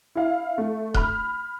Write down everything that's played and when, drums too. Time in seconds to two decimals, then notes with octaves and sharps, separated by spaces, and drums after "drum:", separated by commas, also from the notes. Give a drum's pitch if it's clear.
0.15 E4 F5
0.58 A3
0.94 B5 F6, drum: kick D#1